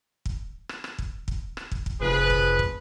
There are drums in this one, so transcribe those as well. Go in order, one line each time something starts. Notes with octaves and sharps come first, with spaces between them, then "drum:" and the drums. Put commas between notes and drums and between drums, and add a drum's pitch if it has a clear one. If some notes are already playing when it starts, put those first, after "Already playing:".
drum: kick
drum: rim click
drum: rim click
drum: kick
drum: kick
drum: rim click
drum: kick
drum: kick
F1 F3 G#4 B4
drum: kick
drum: kick